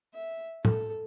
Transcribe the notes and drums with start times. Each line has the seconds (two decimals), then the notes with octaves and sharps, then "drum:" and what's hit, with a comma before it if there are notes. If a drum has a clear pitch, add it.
0.14 E5
0.65 A4, drum: tom